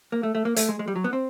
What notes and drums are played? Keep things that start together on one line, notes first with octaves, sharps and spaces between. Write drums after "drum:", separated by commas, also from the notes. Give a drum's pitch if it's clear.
A#3
A3
A3
A#3
A3, drum: hi-hat
G#3
G#3
G3
F#3
B3
C4